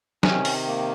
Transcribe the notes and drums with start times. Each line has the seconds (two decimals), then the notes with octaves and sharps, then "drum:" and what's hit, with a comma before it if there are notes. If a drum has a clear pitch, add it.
0.23 C3 D#3 C#4, drum: snare
0.45 drum: open hi-hat
0.67 A#3